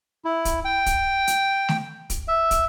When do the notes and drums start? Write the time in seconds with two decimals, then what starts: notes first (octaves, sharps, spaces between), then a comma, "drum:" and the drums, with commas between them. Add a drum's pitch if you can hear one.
0.25 E4
0.45 drum: kick, hi-hat
0.65 G5
0.86 drum: kick, hi-hat
1.27 drum: hi-hat
1.69 drum: snare A3
2.10 drum: kick, hi-hat
2.28 E5
2.51 drum: kick, hi-hat